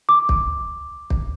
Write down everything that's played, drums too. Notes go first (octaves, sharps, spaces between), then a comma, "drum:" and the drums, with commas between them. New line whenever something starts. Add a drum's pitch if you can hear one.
D6
drum: kick
drum: kick